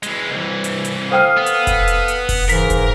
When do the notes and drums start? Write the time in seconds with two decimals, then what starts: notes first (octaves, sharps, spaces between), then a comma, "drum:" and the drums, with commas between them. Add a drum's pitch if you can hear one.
0.03 E3 G#3, drum: hi-hat
0.31 C2 E3
0.64 drum: hi-hat
0.85 drum: hi-hat
1.12 A4 C5 F5 G5 D#6 F6
1.37 B3
1.46 drum: hi-hat
1.67 drum: kick F1, hi-hat
1.88 drum: hi-hat
2.08 drum: hi-hat
2.29 drum: kick F1, open hi-hat
2.49 G#2 C#3 E3 A#4 B6, drum: hi-hat
2.70 drum: kick F1, hi-hat